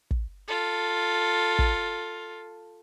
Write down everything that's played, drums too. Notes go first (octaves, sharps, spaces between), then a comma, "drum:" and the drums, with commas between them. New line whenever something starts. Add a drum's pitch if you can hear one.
drum: kick
F4 A4
drum: kick